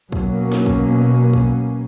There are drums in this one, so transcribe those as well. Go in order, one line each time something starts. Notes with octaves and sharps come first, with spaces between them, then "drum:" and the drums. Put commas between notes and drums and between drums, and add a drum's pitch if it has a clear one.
B2 F#3 A#3 C#4, drum: kick
drum: snare
drum: kick
drum: kick